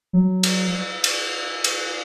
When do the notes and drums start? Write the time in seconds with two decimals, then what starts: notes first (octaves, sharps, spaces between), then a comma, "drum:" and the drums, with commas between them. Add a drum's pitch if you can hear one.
0.13 F#3
0.43 drum: cymbal
1.04 drum: cymbal
1.64 drum: cymbal